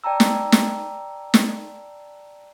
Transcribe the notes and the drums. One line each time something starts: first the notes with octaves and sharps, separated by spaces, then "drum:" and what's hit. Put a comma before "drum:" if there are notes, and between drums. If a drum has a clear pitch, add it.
D5 G5 A5 A#5 E6
drum: snare
drum: snare
drum: snare